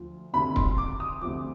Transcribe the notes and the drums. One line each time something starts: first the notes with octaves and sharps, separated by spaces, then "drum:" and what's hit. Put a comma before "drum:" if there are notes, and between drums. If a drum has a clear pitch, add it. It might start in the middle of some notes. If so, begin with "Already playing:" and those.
Already playing: D2 F3
D2 C3 D#3 B5
C6, drum: kick
D6
D#6
D2 C3 F3 D6